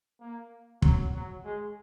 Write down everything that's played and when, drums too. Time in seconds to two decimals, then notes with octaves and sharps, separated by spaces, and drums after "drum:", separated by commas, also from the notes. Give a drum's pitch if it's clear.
0.20 A#3
0.82 F#3, drum: kick
1.14 F#3
1.45 G#3